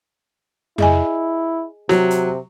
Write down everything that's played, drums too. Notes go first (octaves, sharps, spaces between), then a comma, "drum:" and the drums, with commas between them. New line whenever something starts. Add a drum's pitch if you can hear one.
E4 G#4 D#5 G#5, drum: tom F2
C3 F#3, drum: snare
drum: hi-hat